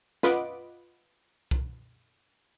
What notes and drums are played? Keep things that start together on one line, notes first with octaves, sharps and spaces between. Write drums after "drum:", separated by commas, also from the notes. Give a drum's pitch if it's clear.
F4 B4 D#5 F#5 D6, drum: snare
drum: kick